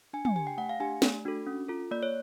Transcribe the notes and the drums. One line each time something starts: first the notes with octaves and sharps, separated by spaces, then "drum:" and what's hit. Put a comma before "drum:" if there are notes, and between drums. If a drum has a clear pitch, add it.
D4 G#5
G#5, drum: tom
G4 G#5
G5
A3 F#5
F5
D4 G4 G#5
A3, drum: snare
D4 F#4 A4
C#4
F4 A4
A#3 D5
C#5